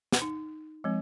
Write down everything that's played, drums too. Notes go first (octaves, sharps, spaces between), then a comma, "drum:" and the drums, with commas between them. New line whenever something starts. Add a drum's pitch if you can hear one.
drum: snare
D#4
F3 G#3 C4